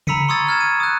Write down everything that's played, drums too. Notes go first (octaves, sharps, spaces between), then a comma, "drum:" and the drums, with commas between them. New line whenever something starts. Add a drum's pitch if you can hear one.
A#5 B5 E6 B6 C#7 D#7, drum: tom C#3
C6 C#6 D#6 E6 G#6 A6
E6 F6 G#6 E7
D#7
D#6 F#6